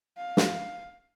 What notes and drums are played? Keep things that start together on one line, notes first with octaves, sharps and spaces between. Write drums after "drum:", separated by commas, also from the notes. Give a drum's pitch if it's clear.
F5
drum: snare